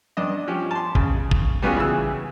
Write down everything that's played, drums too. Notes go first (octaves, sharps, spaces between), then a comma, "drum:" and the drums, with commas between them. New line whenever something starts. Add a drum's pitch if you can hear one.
G2 D4 D#5
F3 C#4 G4
A5 C6
C#3, drum: kick
drum: kick
G3 B3 C#4 F4 F#4 G#4
C#3 E3 G#4 E6